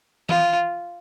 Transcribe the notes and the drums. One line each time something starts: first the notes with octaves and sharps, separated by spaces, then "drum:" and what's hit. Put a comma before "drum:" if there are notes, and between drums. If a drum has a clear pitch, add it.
F4, drum: tom E3